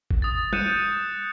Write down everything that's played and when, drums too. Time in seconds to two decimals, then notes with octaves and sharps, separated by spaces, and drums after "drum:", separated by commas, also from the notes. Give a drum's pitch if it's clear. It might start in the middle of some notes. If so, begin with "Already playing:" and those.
0.11 drum: kick G1
0.22 D#6 A6
0.53 F#6 G6 A6 C#7 D#7 E7, drum: tom